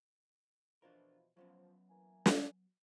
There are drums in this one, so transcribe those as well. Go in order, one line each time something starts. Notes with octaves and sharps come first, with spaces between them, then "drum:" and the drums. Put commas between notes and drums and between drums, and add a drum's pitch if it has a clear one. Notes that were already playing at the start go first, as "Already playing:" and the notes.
B2 E3 F3 D4 F4 A#4
F3 F#3 B3 C#4
E3 A#3 G#5
drum: snare